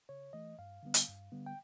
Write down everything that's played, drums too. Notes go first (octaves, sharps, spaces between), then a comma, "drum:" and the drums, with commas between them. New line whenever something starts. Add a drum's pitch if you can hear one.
C#3 C#5
E3 A3 D#5
G2 F5
D3 G3 B3
drum: hi-hat
G2
D3 G3 B3
G5